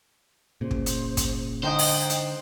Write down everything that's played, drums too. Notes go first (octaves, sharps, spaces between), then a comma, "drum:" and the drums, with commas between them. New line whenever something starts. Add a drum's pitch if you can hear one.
A#2 C#3 C5
drum: kick
drum: hi-hat
drum: kick, hi-hat
G#2 D3 D#4 C5 D#5 G5
drum: open hi-hat
drum: hi-hat